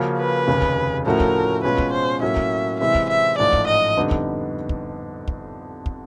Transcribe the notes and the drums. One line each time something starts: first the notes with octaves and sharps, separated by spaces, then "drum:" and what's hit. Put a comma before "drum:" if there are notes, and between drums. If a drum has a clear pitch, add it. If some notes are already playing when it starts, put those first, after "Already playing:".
Already playing: C#3 F3 A#3 C#4 F#4
B4
F1 D#2 C#3
drum: kick
A2 F3 A3 C#4 F#4 A#4
drum: kick
B2 G#3 C#4 F4 B4
drum: kick
C5
A2 F#3 A#3 C#4 F#4 E5
drum: kick
C3 E3 G#3 C4 E4 E5
drum: kick
E5
A1 G#2 F3 A3 D5
drum: kick
D#5
F2 D3 G3 B3 D#4
drum: kick
drum: kick
drum: kick
drum: kick